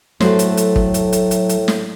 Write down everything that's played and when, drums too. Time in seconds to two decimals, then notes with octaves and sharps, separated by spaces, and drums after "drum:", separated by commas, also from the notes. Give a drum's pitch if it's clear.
0.20 A2 F#3 A3 F#4 C5, drum: snare
0.39 drum: hi-hat
0.57 drum: hi-hat
0.76 drum: kick
0.94 drum: hi-hat
1.13 drum: hi-hat
1.31 drum: hi-hat
1.49 drum: hi-hat
1.68 drum: snare